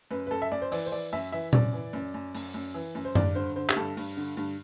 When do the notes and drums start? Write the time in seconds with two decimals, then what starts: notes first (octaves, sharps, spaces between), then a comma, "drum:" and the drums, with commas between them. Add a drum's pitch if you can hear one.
0.11 F#2 B4
0.27 B4
0.31 F#2 A4
0.42 E5
0.52 F#2 D5
0.62 C5
0.72 E3 D5, drum: open hi-hat
0.86 C5
0.92 E3 D5
1.13 F#2 E5
1.32 E3 E5
1.53 F#2 D5, drum: tom A#2
1.73 E3
1.93 F#2
2.14 F#2
2.35 F#2, drum: open hi-hat
2.54 F#2
2.74 E3
2.95 F#2
3.05 C5
3.15 G2 D5, drum: tom F#2
3.35 D3 C5
3.56 D3 C5
3.69 G4, drum: clap
3.76 G2 A4
3.97 G2, drum: open hi-hat
4.17 D3
4.37 G2